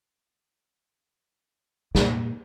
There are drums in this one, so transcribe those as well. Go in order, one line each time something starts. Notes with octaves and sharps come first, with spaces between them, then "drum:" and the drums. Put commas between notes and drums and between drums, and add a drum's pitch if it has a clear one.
A#2, drum: snare